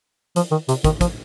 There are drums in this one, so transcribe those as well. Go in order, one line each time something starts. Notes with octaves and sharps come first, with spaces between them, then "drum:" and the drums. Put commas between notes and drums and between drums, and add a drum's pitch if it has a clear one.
F3, drum: hi-hat
D#3
C3, drum: hi-hat
D#3, drum: kick, hi-hat
F3, drum: kick, hi-hat